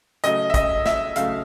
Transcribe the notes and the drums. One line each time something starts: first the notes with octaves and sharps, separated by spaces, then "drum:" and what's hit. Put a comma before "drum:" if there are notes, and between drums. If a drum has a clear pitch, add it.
C#3 F#3 A3 D#5, drum: hi-hat
E5
D#5, drum: kick, hi-hat
E5, drum: snare
C#3 F#3 A3 F5, drum: hi-hat